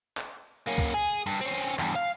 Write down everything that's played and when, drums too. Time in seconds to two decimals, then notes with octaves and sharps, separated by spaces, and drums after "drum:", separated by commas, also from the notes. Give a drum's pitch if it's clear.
0.17 drum: clap
0.67 A#3 C#4
0.78 drum: kick
0.94 G#4
1.26 G2
1.41 C4 C#4
1.79 E2 G2, drum: clap
1.95 F5